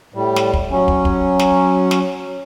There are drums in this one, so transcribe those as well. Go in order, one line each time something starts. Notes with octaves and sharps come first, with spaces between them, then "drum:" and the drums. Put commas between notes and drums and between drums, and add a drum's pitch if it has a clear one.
A2 G3
drum: snare
drum: kick
F#3 C#4
drum: kick
drum: kick
drum: snare
drum: snare